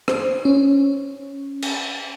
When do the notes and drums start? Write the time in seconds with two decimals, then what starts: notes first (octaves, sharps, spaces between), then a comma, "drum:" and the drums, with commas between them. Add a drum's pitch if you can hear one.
0.08 C5, drum: rim click
0.45 C#4
1.62 drum: cymbal